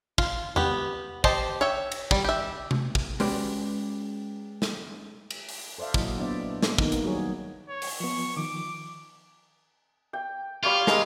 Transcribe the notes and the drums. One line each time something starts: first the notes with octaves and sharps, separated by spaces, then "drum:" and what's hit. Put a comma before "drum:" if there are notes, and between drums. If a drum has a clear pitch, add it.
F4, drum: kick
B3 G4, drum: tom E2
G4 C5 D#5 A5, drum: kick
C#5 E5 G5
drum: cymbal
G3, drum: kick
G4 E5
drum: tom C3
drum: kick
G#3 C#4 F#4 G4 B4 D5, drum: open hi-hat
drum: snare
drum: cymbal
drum: open hi-hat
A4 C5 D5 E5 F5
A#2 F#3 E4 F#4 D#5, drum: kick
B3 D4 C5 D5 E5
drum: snare
D#3 A#3 B3 D#4, drum: kick
drum: hi-hat
F#3 G3 F#4 G#4 C#5
C#5
drum: open hi-hat
F3 B3 C#6
D#3 F3 D6
G5
G3 F4 C#5 F5
G#3 A#4, drum: snare